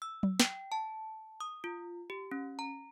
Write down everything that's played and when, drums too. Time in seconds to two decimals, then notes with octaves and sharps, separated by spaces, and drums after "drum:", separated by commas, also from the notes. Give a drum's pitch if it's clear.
0.02 E6
0.23 drum: tom F#3
0.40 G5, drum: snare
0.72 A5
1.40 D#6
1.64 F4
2.10 G4
2.31 C#4
2.59 A#5